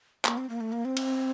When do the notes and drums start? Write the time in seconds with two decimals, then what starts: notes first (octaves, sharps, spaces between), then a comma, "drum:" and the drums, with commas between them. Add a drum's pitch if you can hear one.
0.25 A#3, drum: clap
0.38 C4
0.49 A#3
0.61 A3
0.72 A#3
0.85 C4
0.97 drum: cymbal